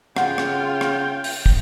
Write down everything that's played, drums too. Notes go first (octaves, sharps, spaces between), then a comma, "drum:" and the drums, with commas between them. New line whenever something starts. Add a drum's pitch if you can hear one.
C#3 F4 F#5 G5, drum: rim click
drum: rim click
drum: rim click
drum: open hi-hat
drum: kick